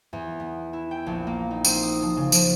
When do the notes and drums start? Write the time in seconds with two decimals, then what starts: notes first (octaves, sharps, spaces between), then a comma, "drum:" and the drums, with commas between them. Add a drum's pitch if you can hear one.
0.13 E2
0.40 B3
0.73 E4
0.91 G5
1.06 A#1
1.27 A#3
1.51 D#4
1.65 C4, drum: tambourine
1.83 D#6
2.02 F3
2.17 C#3
2.32 F3, drum: tambourine